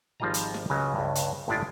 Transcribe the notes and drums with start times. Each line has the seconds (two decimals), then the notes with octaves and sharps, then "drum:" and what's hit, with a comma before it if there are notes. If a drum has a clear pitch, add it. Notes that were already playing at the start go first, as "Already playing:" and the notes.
0.20 G#1 F3 G3 F4 D#5 A#5
0.34 drum: hi-hat
0.54 drum: snare
0.70 C#2 C#3 F#3 B4 D#5
0.95 C#2 G2
1.15 drum: hi-hat
1.48 G1 A2 G#3 E4 F4 D5